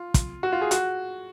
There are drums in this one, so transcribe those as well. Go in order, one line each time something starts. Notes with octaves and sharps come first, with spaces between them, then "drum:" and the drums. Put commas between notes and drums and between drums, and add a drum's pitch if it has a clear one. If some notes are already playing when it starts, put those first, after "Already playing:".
Already playing: F4
drum: kick, hi-hat
F#4
F4
G#4
F#4, drum: hi-hat